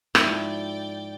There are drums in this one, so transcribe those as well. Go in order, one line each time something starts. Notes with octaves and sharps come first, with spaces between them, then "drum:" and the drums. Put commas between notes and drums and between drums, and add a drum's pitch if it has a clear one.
G#2 F3 E4 D5 G5, drum: rim click